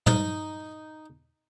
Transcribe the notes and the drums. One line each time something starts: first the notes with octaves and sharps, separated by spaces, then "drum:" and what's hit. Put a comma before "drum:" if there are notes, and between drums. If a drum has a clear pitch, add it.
D#4, drum: tom